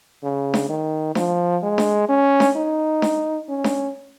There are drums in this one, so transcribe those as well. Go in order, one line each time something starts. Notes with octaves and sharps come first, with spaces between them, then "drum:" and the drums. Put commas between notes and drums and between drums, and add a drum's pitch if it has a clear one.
C#3
drum: snare D4
D#3
F3, drum: snare D4
G#3
drum: snare D4
C#4
drum: snare D4
D#4
drum: snare D4
C#4
drum: snare D4